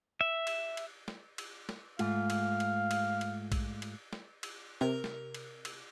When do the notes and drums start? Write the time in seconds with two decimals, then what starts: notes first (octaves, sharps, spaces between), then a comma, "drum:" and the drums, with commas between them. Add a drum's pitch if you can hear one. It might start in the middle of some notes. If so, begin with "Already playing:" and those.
0.21 E5
0.47 drum: cymbal
0.77 drum: cymbal
1.08 drum: snare
1.38 drum: cymbal
1.69 drum: snare
1.99 G#2 A3 F4 F5, drum: cymbal
2.30 drum: cymbal
2.60 drum: cymbal
2.91 drum: cymbal
3.21 drum: cymbal
3.52 drum: kick A#1, cymbal
3.82 drum: cymbal
4.13 drum: snare
4.43 drum: cymbal
4.81 C3 A#4
5.04 drum: snare
5.34 drum: cymbal
5.65 drum: cymbal